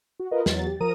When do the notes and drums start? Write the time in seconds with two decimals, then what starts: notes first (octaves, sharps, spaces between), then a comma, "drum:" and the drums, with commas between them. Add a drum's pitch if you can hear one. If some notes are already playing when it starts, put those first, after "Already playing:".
0.20 F#4
0.31 F4 A#4 B4 D#5
0.46 E2 F#3 A6, drum: snare
0.67 G4
0.80 F3 A#4 A#5 D#6 D#7